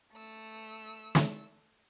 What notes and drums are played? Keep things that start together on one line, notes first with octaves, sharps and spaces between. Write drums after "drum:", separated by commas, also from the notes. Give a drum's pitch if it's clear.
A3 E6
drum: snare